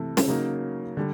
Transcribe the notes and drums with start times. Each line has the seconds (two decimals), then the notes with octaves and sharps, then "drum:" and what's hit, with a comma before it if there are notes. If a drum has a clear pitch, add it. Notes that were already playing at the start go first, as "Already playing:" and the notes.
Already playing: C3 E3 A3
0.17 drum: snare
0.28 C#3 F#3 A#3 D#4
0.97 D3 G3